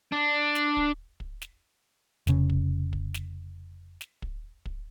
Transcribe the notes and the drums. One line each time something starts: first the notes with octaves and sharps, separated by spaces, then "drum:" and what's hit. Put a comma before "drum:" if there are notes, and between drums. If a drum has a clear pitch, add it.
D4
drum: snare
drum: kick
drum: kick
drum: snare
F1 C#3, drum: snare
drum: kick
drum: kick
drum: snare
drum: snare
drum: kick
drum: kick